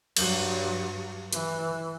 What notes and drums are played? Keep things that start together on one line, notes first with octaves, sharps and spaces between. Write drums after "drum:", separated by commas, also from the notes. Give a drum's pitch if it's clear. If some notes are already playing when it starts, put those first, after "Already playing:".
G2 F#3, drum: cymbal
E3, drum: hi-hat